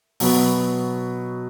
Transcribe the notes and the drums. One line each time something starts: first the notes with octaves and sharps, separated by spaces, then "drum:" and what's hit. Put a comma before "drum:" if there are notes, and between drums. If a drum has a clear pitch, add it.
B2 F#3 B3, drum: open hi-hat